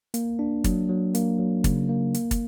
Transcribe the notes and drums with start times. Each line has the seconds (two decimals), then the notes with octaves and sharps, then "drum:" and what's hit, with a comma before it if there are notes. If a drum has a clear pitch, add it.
0.14 A#3, drum: hi-hat
0.39 D4
0.64 F#3, drum: kick, hi-hat
0.89 F#3
1.15 A#3, drum: hi-hat
1.39 F#3
1.64 C#3, drum: kick, hi-hat
1.89 A#3
2.14 A#3, drum: hi-hat
2.31 drum: kick, hi-hat